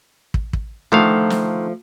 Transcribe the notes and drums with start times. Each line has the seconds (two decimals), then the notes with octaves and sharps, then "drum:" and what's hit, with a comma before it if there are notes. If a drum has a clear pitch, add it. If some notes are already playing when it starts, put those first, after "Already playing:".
0.34 drum: kick
0.53 drum: kick
0.92 D3 D#3 F3 A3 F5
1.30 drum: snare